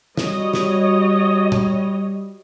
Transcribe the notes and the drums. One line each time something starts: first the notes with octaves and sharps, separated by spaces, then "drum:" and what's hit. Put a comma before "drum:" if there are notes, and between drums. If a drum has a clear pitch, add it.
G3 F#4 C#5 D#5, drum: snare
drum: snare
drum: tom